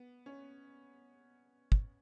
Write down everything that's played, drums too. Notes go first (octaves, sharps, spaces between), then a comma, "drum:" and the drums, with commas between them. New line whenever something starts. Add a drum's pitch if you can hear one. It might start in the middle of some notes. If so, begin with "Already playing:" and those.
Already playing: B3
C#4
drum: kick